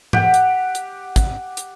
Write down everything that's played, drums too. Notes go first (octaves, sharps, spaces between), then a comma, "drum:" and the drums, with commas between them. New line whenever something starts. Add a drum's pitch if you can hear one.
G4 F#5, drum: tom G#2
drum: hi-hat
drum: hi-hat
drum: kick, hi-hat
drum: hi-hat